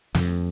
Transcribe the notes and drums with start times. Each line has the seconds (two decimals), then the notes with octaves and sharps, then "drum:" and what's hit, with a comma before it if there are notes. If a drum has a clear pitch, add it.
0.14 F2, drum: snare